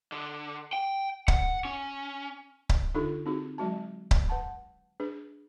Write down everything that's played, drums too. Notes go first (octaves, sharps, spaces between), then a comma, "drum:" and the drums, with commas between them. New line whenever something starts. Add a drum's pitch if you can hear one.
D3
G5
F#5, drum: kick C#1
C#4
drum: kick C#1
D3 D4 D#4 F4 G4 A4
C4 D#4 F#4 G#4
F#3 G#3 F#4 A5
drum: kick C#1
B4 F#5 A5 C6
D4 G#4 B4